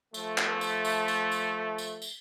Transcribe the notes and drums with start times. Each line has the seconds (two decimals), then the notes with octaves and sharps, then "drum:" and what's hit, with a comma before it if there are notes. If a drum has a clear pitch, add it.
0.14 F3 A3, drum: tambourine
0.38 drum: clap
0.61 drum: tambourine
0.85 drum: tambourine
1.08 drum: tambourine
1.31 drum: tambourine
1.78 drum: tambourine
2.02 drum: tambourine